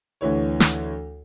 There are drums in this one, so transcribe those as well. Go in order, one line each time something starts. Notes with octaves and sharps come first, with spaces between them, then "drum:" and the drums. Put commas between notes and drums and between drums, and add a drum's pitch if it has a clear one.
D2 E3 C#5
drum: snare